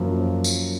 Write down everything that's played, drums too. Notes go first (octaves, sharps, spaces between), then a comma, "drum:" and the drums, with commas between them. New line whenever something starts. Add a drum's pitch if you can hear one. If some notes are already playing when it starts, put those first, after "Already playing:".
Already playing: F#2 F3 A#3
drum: tambourine